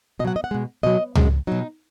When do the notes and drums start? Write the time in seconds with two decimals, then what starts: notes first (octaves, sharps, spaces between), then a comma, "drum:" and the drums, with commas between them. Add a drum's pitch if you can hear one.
0.19 B2 D#5
0.25 F#3 F#5
0.36 D#5
0.44 F#5
0.51 B2 G#3
0.83 B2 F#3 D#5
1.15 F#2 C#3 G#3, drum: tom C#2
1.47 B2 F#3 D#4